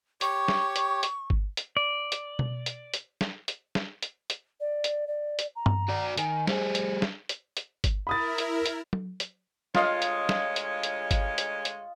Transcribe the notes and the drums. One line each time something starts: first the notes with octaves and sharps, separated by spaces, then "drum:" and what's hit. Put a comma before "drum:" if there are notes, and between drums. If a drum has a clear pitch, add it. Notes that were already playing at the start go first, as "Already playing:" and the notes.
G4 C#5 C#6, drum: hi-hat
drum: snare
drum: hi-hat
drum: hi-hat
drum: kick G1
drum: hi-hat
D5
drum: hi-hat
drum: tom B2
drum: hi-hat
drum: hi-hat
drum: snare
drum: hi-hat
drum: snare
drum: hi-hat
drum: hi-hat
D5
drum: hi-hat
D5
drum: hi-hat
A#5
drum: tom G2
F#4 D5
D#3 G#5, drum: hi-hat
G3 G#4 C5, drum: snare
drum: hi-hat
drum: snare
drum: hi-hat
drum: hi-hat
drum: kick G1, hi-hat
E4 A#4 B5 D#6 A6
drum: hi-hat
drum: hi-hat
drum: tom F#3
drum: hi-hat
D2 G#3 F4 C#5 D#5 F5, drum: snare
drum: hi-hat
drum: snare
drum: hi-hat
drum: hi-hat
drum: kick G1, hi-hat
drum: hi-hat
drum: hi-hat